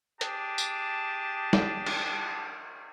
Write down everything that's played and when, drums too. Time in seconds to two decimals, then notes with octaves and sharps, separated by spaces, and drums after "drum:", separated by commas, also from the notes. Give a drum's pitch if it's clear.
0.21 D4 G4 G#4 A5, drum: hi-hat
0.58 drum: tambourine
1.53 drum: snare
1.86 drum: cymbal